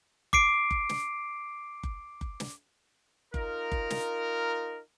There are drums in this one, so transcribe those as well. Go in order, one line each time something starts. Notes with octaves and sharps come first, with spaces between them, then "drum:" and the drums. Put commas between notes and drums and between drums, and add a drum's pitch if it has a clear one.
D6 C7 D7, drum: kick F#1
drum: kick F#1
drum: snare
drum: kick F#1
drum: kick F#1
drum: snare
D#4 F4 A#4, drum: kick F#1
drum: kick F#1
drum: snare